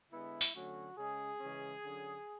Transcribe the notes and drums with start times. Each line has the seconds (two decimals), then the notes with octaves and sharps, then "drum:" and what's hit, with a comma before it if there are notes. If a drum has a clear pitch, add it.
0.11 D3 G#3 B3 E4
0.41 drum: open hi-hat
0.54 D3 F#3 A3 C#4 F#4
0.97 C#3 G#3 C#4 G#4
1.40 C#3 E3 G#3 C#4
1.83 D3 F#3 C#4